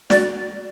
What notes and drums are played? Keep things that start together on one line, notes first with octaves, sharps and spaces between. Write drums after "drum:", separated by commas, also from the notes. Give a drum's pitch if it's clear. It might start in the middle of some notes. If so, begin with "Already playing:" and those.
F#4 D5, drum: snare